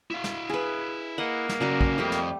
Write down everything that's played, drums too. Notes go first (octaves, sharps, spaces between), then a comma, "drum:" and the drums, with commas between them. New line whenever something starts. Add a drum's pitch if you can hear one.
E4 F5
drum: snare
G#4 B4
A#3 D#5 F#5
drum: snare
C#3 F#3 F#4 A#4 D5
drum: kick
F2 G3 A3 G4
drum: snare